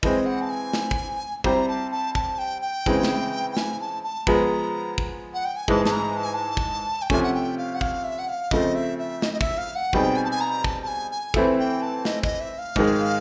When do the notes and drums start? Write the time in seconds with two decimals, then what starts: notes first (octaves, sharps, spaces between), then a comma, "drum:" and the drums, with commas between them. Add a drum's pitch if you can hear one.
0.03 E3 G#3 C4 D#5, drum: kick
0.26 F#5
0.42 A5
0.50 G#5
0.73 drum: snare
0.91 drum: kick
1.44 G3 C4 E4 G4 C5 A#5, drum: kick
1.68 A5
1.91 A5
2.15 A5, drum: kick
2.38 G5
2.62 G5
2.86 C#3 E3 G#3 C4 E4, drum: kick
3.03 drum: snare
3.52 G5
3.57 G#5, drum: snare
3.80 A5
4.04 A5
4.27 F3 G#3 B3 A#5, drum: kick
4.98 drum: kick
5.34 F#5
5.45 G5
5.56 G#5
5.68 G#2 E3 G#3 A5, drum: kick
5.86 A5, drum: snare
5.92 A#5
6.16 A5
6.25 G#5
6.34 A5
6.57 drum: kick
7.02 G5
7.10 C3 F3 A3 C#4 G#5, drum: kick
7.23 F#5
7.34 G5
7.58 F5
7.75 F#5
7.81 F5, drum: kick
8.04 E5
8.19 F#5
8.29 F5
8.51 C#3 F3 A3 C4 D#5, drum: kick
8.75 E5
8.99 E5
9.22 D#5, drum: snare
9.33 D#5
9.41 E5, drum: kick
9.58 F5
9.76 F#5
9.93 B2 G3 C4 D#4 G#4 G5, drum: kick
10.17 G#5
10.24 A5
10.31 G#5
10.41 A#5
10.64 A5, drum: kick
10.83 A5
10.88 G#5
11.11 G#5
11.34 E3 A3 C4 E4 A4, drum: kick
11.59 G5
11.82 A5
12.05 D#5, drum: snare
12.23 D#5, drum: kick
12.40 E5
12.58 F5
12.76 G#2 D#3 G#3, drum: kick